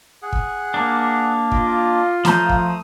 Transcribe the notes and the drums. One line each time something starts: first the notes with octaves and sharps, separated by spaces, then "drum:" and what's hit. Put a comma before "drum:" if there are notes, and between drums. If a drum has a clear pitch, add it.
G#4 F#5
drum: kick
A#3 D4
F4 D#5 D6, drum: kick
F3 A3 A#5 D#6 G6, drum: snare
drum: kick